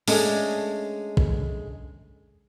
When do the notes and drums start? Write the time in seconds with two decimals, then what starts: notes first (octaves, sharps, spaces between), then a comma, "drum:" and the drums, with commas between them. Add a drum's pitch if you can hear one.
0.08 G#3 A3 C#4 D4, drum: open hi-hat
1.17 drum: kick